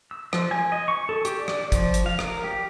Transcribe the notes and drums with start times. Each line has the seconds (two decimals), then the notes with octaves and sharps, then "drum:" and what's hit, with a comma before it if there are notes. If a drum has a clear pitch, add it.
0.11 E6
0.33 F3, drum: rim click
0.51 G#5
0.72 D#5
0.88 C#6
1.09 A4
1.25 G4, drum: hi-hat
1.39 D5
1.48 drum: rim click
1.72 F3, drum: kick, hi-hat
1.94 drum: hi-hat
2.06 F5
2.19 A#4, drum: rim click
2.44 G4